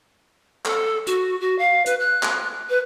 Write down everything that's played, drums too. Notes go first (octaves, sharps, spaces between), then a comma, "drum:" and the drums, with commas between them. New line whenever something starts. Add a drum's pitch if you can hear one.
A4, drum: clap
F#4, drum: hi-hat
F#4
F5
B4, drum: hi-hat
F#6
drum: clap
B4